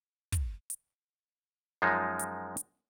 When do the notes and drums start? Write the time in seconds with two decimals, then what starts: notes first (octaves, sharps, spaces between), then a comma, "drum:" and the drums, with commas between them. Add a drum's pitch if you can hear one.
0.32 drum: kick, hi-hat
0.70 drum: hi-hat
1.82 F#2 F3 G#3 D#4
2.19 drum: hi-hat
2.57 drum: hi-hat